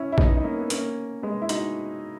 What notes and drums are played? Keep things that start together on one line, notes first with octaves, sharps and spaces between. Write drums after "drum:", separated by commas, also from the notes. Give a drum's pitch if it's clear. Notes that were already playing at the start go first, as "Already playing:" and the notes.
Already playing: C#4 E4
E4
B3 D#4, drum: kick A#1
D#4
A#3 C#4
B3
A#3 C#4, drum: hi-hat
G#3 B3
E4
D#4 F#4, drum: hi-hat